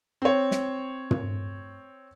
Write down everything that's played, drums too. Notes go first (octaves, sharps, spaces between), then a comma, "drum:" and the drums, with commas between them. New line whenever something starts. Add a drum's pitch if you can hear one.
C4 C#5
drum: snare
drum: tom